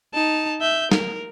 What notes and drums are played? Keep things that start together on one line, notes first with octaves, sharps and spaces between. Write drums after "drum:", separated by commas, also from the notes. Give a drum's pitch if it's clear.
D#4 A5
E5 G6
A#4, drum: snare